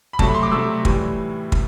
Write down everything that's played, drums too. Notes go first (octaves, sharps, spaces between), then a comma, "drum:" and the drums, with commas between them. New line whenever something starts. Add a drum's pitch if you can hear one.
B5
C3 F#3 A3 A5, drum: kick
B5
C6
D6
C3 F#3 A3 E6
A2 E3 G3, drum: kick
drum: kick